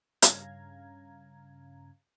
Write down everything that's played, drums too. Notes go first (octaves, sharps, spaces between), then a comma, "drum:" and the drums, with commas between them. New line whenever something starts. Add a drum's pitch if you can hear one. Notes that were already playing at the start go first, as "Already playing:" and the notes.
G2 C#3 C#4 F5 A#5 G#6, drum: hi-hat